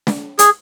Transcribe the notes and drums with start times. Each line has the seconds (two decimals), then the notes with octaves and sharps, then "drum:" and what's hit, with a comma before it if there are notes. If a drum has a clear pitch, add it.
0.07 drum: snare
0.39 G#4, drum: hi-hat